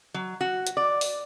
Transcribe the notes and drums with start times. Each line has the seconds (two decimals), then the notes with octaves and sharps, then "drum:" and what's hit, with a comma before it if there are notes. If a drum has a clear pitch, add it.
0.14 F#3
0.41 F#4
0.67 drum: hi-hat
0.77 D5
1.01 drum: open hi-hat